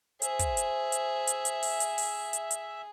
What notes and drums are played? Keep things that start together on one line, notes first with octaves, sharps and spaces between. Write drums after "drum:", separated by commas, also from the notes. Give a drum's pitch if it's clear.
G#4 C5 E5, drum: hi-hat
drum: kick, hi-hat
drum: hi-hat
drum: hi-hat
drum: hi-hat
drum: hi-hat
drum: open hi-hat
drum: hi-hat
drum: open hi-hat
drum: hi-hat
drum: hi-hat